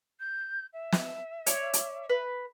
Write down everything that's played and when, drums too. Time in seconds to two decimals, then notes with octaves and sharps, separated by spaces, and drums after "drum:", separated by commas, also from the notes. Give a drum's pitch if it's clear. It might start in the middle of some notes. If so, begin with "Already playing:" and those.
0.20 G6
0.73 E5
0.92 drum: snare
1.46 C#5 D5, drum: hi-hat
1.73 drum: hi-hat
2.09 B4